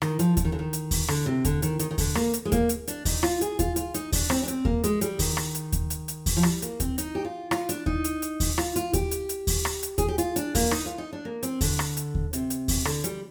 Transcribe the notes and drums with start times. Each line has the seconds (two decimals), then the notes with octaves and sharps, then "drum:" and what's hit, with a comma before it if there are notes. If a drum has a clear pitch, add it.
0.02 D#3, drum: rim click
0.19 F3, drum: hi-hat
0.37 F3, drum: kick D#2, hi-hat
0.45 D#3
0.52 D3
0.59 D#3
0.73 drum: hi-hat
0.91 drum: kick D#2, open hi-hat
1.08 D3, drum: rim click
1.26 C3
1.45 D3, drum: kick D#2, hi-hat
1.62 D#3, drum: hi-hat
1.79 D#3, drum: hi-hat
1.91 D#3
1.98 D3, drum: kick D#2, open hi-hat
2.15 A#3, drum: rim click
2.34 drum: hi-hat
2.45 G#3
2.52 A#3, drum: kick D#2, hi-hat
2.69 drum: hi-hat
2.88 D4, drum: hi-hat
3.05 D#4, drum: kick D#2, open hi-hat
3.23 F4, drum: rim click
3.41 G#4, drum: hi-hat
3.59 F4, drum: kick D#2, hi-hat
3.76 F4, drum: hi-hat
3.94 D#4, drum: hi-hat
4.12 D4, drum: kick D#2, open hi-hat
4.30 C4, drum: rim click
4.43 D4
4.48 C4, drum: hi-hat
4.65 A#3, drum: kick D#2
4.84 G#3, drum: hi-hat
5.01 G3, drum: hi-hat
5.19 D#3, drum: kick D#2, open hi-hat
5.37 drum: rim click
5.55 drum: hi-hat
5.72 drum: kick D#2, hi-hat
5.90 drum: hi-hat
6.08 drum: hi-hat
6.26 drum: kick D#2, open hi-hat
6.37 F3
6.43 G3, drum: rim click
6.62 A#3, drum: hi-hat
6.80 C4, drum: kick D#2, hi-hat
6.98 D#4, drum: hi-hat
7.15 G4
7.25 F4
7.51 F4, drum: rim click
7.69 D4, drum: hi-hat
7.86 D#4, drum: kick D#2
8.04 drum: hi-hat
8.22 drum: hi-hat
8.40 drum: kick D#2, open hi-hat
8.58 F4, drum: rim click
8.76 F4, drum: hi-hat
8.93 G4, drum: kick D#2, hi-hat
9.11 drum: hi-hat
9.29 drum: hi-hat
9.47 drum: kick D#2, open hi-hat
9.65 drum: rim click
9.83 drum: hi-hat
9.98 G#4, drum: kick D#2, hi-hat
10.08 G4
10.18 F4, drum: hi-hat
10.36 D4, drum: hi-hat
10.55 A#3, drum: kick D#2, open hi-hat
10.71 D#4, drum: rim click
10.86 F4
10.98 D#4
11.13 D4
11.25 A#3
11.43 C4, drum: hi-hat
11.61 D3, drum: kick D#2, open hi-hat
11.79 drum: rim click
11.97 drum: hi-hat
12.15 drum: kick D#2
12.33 C3, drum: hi-hat
12.50 drum: hi-hat
12.68 drum: kick D#2, open hi-hat
12.85 D3, drum: rim click
13.04 G3, drum: hi-hat